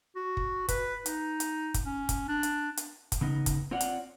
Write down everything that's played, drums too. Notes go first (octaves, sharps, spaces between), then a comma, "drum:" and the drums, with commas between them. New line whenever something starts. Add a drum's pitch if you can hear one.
F#4
drum: kick
B4, drum: kick, hi-hat
D#4, drum: hi-hat
drum: hi-hat
drum: kick, hi-hat
C#4
drum: kick, hi-hat
D4
drum: hi-hat
drum: hi-hat
drum: kick, hi-hat
C#3 B3 D#4
drum: kick, hi-hat
C4 F4 C#5 D5 F#5
drum: hi-hat